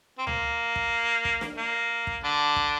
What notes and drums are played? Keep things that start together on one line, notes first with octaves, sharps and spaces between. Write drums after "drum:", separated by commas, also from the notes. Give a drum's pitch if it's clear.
C4
A#3, drum: tom C#2
drum: kick
drum: kick
drum: snare
A#3
drum: kick
D3 D4
drum: kick